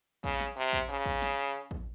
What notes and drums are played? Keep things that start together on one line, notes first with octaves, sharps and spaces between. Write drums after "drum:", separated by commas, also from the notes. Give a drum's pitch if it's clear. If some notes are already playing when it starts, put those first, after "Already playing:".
C#3, drum: kick, tambourine
drum: snare
C3, drum: tambourine
drum: kick
C#3, drum: tambourine
drum: kick
drum: snare
drum: tambourine
drum: kick